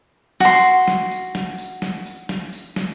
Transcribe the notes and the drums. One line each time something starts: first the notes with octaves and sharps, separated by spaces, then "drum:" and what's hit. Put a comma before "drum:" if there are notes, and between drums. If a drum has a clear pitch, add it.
F#4 C6, drum: snare
drum: tambourine
drum: snare
drum: tambourine
drum: snare
drum: tambourine
drum: snare
drum: tambourine
drum: snare
drum: tambourine
drum: snare